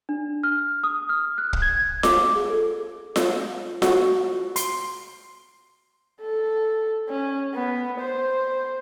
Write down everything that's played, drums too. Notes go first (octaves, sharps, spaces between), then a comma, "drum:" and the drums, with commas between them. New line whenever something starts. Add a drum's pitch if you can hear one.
D4
F6
D#6
F6
F#6
drum: kick
G#6
D6, drum: snare F4
G#4
A4
drum: snare F4
F#4, drum: snare F4
C6, drum: hi-hat
A4
C#4
B3
C5